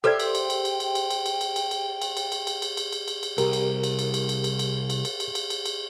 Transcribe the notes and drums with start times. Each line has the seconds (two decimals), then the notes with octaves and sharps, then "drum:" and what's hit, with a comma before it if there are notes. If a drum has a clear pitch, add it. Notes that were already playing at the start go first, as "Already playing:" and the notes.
0.04 G4 A4 B4 C5 D5 E5 G5
0.20 drum: cymbal
0.35 drum: cymbal
0.50 drum: cymbal
0.65 drum: cymbal
0.80 drum: cymbal
0.95 drum: cymbal
1.11 drum: cymbal
1.26 drum: cymbal
1.41 drum: cymbal
1.56 drum: cymbal
1.71 drum: cymbal
2.02 drum: cymbal
2.17 drum: cymbal
2.32 drum: cymbal
2.47 drum: cymbal
2.62 drum: cymbal
2.77 drum: cymbal
2.93 drum: cymbal
3.08 drum: cymbal
3.23 drum: cymbal
3.38 C2 G4 A#4, drum: cymbal
3.53 drum: cymbal
3.84 drum: cymbal
3.99 drum: cymbal
4.14 drum: cymbal
4.29 drum: cymbal
4.44 drum: cymbal
4.59 drum: cymbal
4.90 drum: cymbal
5.05 drum: cymbal
5.20 drum: cymbal
5.35 drum: cymbal
5.50 drum: cymbal
5.66 drum: cymbal